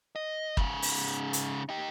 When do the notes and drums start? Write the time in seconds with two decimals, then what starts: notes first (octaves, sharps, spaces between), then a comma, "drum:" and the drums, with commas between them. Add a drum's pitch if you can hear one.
0.16 D#5
0.57 G#2 C#3, drum: kick
0.82 drum: open hi-hat
1.33 drum: hi-hat
1.69 D#4 G4